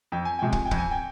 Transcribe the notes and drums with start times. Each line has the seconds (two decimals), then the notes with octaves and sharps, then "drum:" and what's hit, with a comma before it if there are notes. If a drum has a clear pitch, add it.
0.12 F2 G5
0.25 G#5
0.39 C3 F3 G#3 G5
0.52 G#5, drum: kick
0.65 G5
0.71 F2, drum: kick
0.78 G#5
0.91 G5